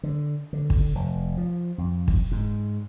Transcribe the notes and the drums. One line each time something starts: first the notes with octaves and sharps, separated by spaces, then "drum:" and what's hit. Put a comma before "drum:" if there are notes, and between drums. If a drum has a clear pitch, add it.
D3
D3
drum: kick
F1
F3
F2
drum: kick
G#2